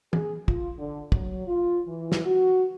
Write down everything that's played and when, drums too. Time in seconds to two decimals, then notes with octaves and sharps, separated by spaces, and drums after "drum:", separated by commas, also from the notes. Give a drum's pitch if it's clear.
0.13 G#4, drum: tom E3
0.48 F4, drum: kick
0.78 D3
1.12 F#3, drum: kick
1.47 F4
1.86 E3
2.12 drum: snare
2.25 F#4